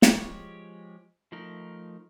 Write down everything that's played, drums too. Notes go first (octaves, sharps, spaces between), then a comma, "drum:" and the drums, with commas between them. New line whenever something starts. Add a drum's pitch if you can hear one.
F3 G#3 G4 C#5, drum: snare
F3 A3 D#4 A#4